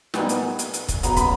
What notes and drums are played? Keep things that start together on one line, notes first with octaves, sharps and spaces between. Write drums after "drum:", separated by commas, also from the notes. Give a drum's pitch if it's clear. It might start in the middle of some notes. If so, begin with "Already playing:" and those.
A#2 G3 B3 D#4 G#5, drum: snare
drum: hi-hat
drum: hi-hat
drum: hi-hat
drum: kick, hi-hat
C#3 F#3 B3 A#5, drum: hi-hat
B5, drum: kick, hi-hat